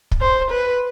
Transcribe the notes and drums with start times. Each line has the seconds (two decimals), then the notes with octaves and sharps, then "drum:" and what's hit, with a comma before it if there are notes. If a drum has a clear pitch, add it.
0.11 drum: kick
0.21 C5
0.51 B4